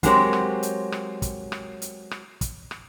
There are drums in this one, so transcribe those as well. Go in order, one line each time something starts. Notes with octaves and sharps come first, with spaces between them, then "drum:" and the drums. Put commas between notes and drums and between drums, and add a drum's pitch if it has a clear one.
F#3 G#3 C4 G4 A#4 C#5, drum: kick, hi-hat
drum: rim click
drum: hi-hat
drum: rim click
drum: kick, hi-hat
drum: rim click
drum: hi-hat
drum: rim click
drum: kick, hi-hat
drum: rim click